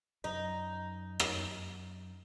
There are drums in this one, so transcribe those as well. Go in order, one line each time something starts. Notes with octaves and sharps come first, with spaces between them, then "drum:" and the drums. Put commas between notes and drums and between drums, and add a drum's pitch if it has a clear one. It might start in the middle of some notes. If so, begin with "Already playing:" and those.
F#2 D#4
drum: rim click